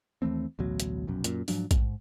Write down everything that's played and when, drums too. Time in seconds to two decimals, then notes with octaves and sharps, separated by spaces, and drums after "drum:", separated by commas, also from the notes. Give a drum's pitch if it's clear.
0.22 D#2 E3 A3 C4
0.59 A1 D2 B2 F#3
0.80 drum: hi-hat
1.07 F1 B1 F#2
1.24 F#2 A#2, drum: hi-hat
1.48 G#2 F3 F#3 D4, drum: open hi-hat
1.71 G#2, drum: kick A#1, hi-hat